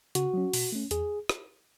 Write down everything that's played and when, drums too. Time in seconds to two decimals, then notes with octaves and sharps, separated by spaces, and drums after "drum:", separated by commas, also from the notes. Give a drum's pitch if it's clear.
0.15 C#3 F#4, drum: hi-hat
0.34 F#3 C#4
0.53 B2, drum: open hi-hat
0.72 A3 C#4
0.91 E2 G#4, drum: hi-hat
1.29 drum: rim click